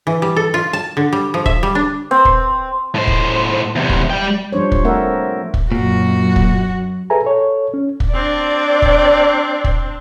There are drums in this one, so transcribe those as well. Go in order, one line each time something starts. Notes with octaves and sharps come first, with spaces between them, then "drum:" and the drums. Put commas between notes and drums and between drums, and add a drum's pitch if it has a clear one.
E3
G3
A4
F4
A5
D3
G3
F3
E5, drum: kick
G3
D4
C4
drum: kick
A2 C5
drum: kick
E2 C3
drum: kick
G3 G5
F3 G3 D4 C5 C#5
drum: kick
A3 C4 A#4 E5 F#5
drum: kick
F#2 A#2 F#4
drum: kick
G#4 A4 B4 E5 G#5 A#5
A4 C#5
C#4
drum: kick
C4 D4 D5
drum: kick
drum: kick